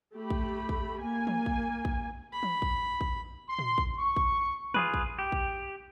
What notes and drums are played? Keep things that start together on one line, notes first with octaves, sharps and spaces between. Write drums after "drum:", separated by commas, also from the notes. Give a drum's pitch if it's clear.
A3 G4 B5
drum: kick
drum: kick
A#3 G#5
drum: tom
drum: kick
drum: kick
B5
drum: tom
drum: kick
drum: kick
C6
drum: tom
drum: kick
C#6
drum: kick
F4 G#4 B4, drum: tom
drum: kick
G4
drum: kick